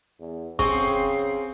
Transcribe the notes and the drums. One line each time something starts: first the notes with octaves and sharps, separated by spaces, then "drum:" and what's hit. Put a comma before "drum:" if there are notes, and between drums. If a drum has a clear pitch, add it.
E2
C#3 C4 G#4 F#5 C#6, drum: kick